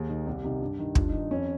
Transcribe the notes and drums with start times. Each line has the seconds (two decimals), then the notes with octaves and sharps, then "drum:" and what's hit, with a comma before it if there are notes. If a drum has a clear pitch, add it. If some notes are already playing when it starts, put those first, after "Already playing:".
Already playing: D#2 G#4
0.09 D#3
0.27 C2 G4
0.44 C3 D#3
0.61 G2
0.79 D#3
0.95 G2 F4, drum: kick
1.08 D#4
1.13 D#3
1.19 D#4
1.31 F2 C#4